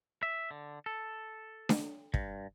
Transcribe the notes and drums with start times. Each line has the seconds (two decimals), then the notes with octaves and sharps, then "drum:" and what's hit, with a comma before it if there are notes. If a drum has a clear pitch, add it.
0.23 E5
0.51 D3
0.86 A4
1.69 drum: snare D4
2.14 G2, drum: kick